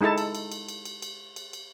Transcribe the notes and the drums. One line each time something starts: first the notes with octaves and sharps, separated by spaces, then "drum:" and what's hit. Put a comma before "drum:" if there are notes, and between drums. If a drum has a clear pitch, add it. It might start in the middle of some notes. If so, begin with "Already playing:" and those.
G#3 D#4 E4 A4 A5
drum: cymbal
drum: cymbal
drum: cymbal
drum: cymbal
drum: cymbal
drum: cymbal
drum: cymbal
drum: cymbal